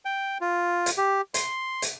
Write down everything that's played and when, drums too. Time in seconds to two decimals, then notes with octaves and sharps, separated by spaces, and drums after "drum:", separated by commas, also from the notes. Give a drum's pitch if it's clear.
0.05 G5
0.41 F4
0.86 drum: hi-hat
0.97 G4
1.34 C6, drum: hi-hat
1.82 drum: hi-hat